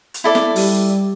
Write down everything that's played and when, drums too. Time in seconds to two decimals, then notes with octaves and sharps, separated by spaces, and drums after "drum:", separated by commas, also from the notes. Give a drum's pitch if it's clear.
0.14 drum: hi-hat
0.24 E4 A4 D5
0.35 drum: snare
0.56 G3, drum: open hi-hat